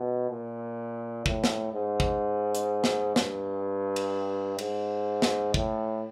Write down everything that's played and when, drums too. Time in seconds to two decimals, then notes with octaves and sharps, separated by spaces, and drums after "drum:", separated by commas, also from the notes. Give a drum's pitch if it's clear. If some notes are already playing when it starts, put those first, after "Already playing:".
Already playing: B2
0.30 A#2
1.26 A2, drum: kick
1.44 drum: snare
1.73 G#2
2.00 drum: kick
2.55 drum: hi-hat
2.84 drum: snare
3.16 G2, drum: snare
3.96 drum: cymbal
4.59 G#2, drum: cymbal
5.22 drum: snare
5.54 A2, drum: kick